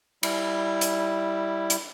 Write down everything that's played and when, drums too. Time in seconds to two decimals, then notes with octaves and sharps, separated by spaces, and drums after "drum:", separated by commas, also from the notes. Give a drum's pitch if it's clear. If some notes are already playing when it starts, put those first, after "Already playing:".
0.23 G3 E4, drum: cymbal
0.81 drum: hi-hat
1.70 drum: hi-hat